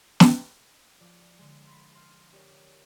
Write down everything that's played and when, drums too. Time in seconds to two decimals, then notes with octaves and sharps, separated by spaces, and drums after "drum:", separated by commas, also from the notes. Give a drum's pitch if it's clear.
0.20 drum: snare
1.00 F3 D5
1.39 D3 G#3
1.67 B5 C6
1.95 C6 F6
2.32 C#4 G4 A#4 D5 D#5